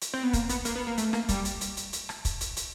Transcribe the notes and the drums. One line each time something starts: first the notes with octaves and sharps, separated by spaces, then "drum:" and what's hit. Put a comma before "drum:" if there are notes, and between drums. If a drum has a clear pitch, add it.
drum: hi-hat
C4
B3
A#3, drum: kick, hi-hat
B3, drum: hi-hat
A#3, drum: hi-hat
B3
A#3
A3, drum: hi-hat
A#3, drum: rim click
G3, drum: kick, hi-hat
drum: hi-hat
drum: hi-hat
drum: hi-hat
drum: hi-hat
drum: rim click
drum: kick, hi-hat
drum: hi-hat
drum: hi-hat